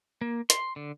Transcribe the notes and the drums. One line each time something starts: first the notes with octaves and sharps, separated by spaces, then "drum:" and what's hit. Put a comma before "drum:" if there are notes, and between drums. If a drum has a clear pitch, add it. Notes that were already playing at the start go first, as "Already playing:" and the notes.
A#3
C6, drum: hi-hat
D3